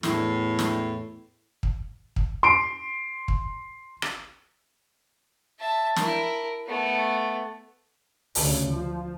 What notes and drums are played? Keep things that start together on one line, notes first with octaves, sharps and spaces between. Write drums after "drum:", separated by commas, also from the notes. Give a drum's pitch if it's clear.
E2 A2, drum: snare
drum: snare
drum: kick
drum: kick
C6 D7
drum: kick
drum: rim click
E5 A5
E4 A#4, drum: snare
A3 B3
D2 C#3, drum: open hi-hat
F3